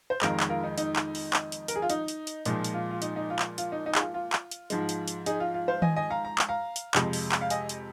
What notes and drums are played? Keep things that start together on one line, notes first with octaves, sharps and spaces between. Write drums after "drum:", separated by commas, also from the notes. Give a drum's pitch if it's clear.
C5
F2 D#3 G#3 F4 A#4, drum: clap
drum: clap
F4 A#4
D#4
D#4, drum: hi-hat
drum: clap
drum: open hi-hat
drum: clap
drum: hi-hat
A#4, drum: hi-hat
G#4
F4
D#4, drum: hi-hat
drum: hi-hat
drum: hi-hat
A#2 F3 G#3 D#4, drum: hi-hat
drum: hi-hat
F4
F4
D#4, drum: hi-hat
D#4
F4
drum: clap
F4, drum: hi-hat
D#4
D#4
G#4, drum: clap
F4
F4
drum: clap
drum: hi-hat
G#2 F3 G#3, drum: hi-hat
drum: hi-hat
drum: hi-hat
D#4 G#4, drum: hi-hat
F4
F4
C5 F5
D#5 G#5, drum: tom D#3
D#5 G#5
F5 A#5
A#5
drum: clap
F5 A#5
drum: hi-hat
F2 C3 F3 G#3, drum: clap
drum: open hi-hat
drum: clap
F5
D#5 G#5, drum: hi-hat
drum: hi-hat